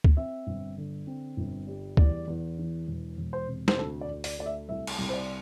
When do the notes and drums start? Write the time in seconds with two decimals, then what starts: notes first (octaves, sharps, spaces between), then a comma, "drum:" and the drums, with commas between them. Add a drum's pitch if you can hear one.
0.04 drum: kick
0.17 C4 E5
0.47 G1
0.78 D3
1.07 C4
1.37 G1
1.67 G3
1.97 E2 D5, drum: kick
2.27 E2
2.58 E3
2.88 E1
3.18 E1
3.33 C5
3.48 C3
3.68 C5, drum: snare
3.78 D2 A4
4.01 D5
4.08 D2
4.24 D5, drum: open hi-hat
4.38 A3 D5
4.46 E5
4.69 C2 E5
4.87 drum: cymbal
4.98 C2
5.09 C5
5.14 D5